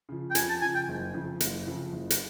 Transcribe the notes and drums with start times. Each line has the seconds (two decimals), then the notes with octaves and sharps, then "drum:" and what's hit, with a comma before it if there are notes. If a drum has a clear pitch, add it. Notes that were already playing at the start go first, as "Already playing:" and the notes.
0.09 C#3 F3
0.31 G5
0.35 F2 G#5, drum: hi-hat
0.49 A5
0.62 C#3 F3 G#5
0.75 G5
0.88 F#1
1.14 F2 C#3 F3
1.40 F#1, drum: hi-hat
1.67 F2 C#3 F3
1.93 F#1
2.10 drum: hi-hat